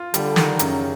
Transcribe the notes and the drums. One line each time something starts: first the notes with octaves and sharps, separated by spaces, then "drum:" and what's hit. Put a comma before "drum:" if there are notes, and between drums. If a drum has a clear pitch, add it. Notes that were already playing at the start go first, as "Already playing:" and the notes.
Already playing: F4
D3 G3, drum: hi-hat
D#3, drum: snare
F#2 C#3, drum: hi-hat